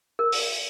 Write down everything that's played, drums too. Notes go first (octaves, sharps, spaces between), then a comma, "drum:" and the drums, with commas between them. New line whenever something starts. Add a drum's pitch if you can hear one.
A#4
drum: open hi-hat